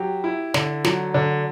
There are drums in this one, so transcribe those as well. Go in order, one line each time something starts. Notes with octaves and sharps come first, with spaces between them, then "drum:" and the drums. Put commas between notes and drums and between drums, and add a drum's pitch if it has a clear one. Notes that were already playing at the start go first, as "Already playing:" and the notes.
Already playing: F#3 G4
E4
D3, drum: snare
F#3, drum: snare
D3